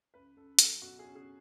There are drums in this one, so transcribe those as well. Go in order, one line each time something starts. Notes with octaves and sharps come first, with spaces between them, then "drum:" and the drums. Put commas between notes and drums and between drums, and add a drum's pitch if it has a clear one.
C#2 B4
C#2 A4
F#3 A4, drum: hi-hat
B2 F#4
C#4 G#4
G#4